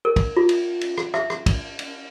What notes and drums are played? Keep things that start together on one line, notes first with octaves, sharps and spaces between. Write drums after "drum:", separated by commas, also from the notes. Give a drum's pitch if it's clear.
A#4
drum: kick, cymbal
F4
drum: cymbal
drum: cymbal
drum: rim click
E5, drum: rim click
drum: rim click
drum: kick, cymbal
drum: cymbal